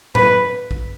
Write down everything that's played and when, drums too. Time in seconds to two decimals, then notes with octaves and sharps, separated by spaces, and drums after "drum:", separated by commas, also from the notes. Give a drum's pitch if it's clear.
0.15 B4, drum: tom A2
0.71 drum: kick